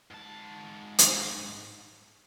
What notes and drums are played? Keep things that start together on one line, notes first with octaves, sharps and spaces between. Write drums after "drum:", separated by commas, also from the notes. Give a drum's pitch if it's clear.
G#2 A5
drum: hi-hat